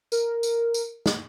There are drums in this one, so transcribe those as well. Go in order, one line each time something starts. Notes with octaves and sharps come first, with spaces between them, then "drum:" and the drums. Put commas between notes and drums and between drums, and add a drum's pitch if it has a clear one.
A#4, drum: tambourine
drum: tambourine
drum: tambourine
drum: snare